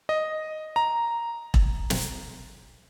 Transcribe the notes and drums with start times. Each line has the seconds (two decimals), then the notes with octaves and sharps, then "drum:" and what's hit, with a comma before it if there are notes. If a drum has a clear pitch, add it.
0.09 D#5
0.76 A#5
1.54 drum: kick E1
1.90 drum: snare